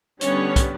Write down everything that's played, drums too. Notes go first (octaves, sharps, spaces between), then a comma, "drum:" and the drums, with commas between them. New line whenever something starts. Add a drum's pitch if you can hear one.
D3 G3 B3 C#4 D4 C#5, drum: hi-hat
drum: kick, hi-hat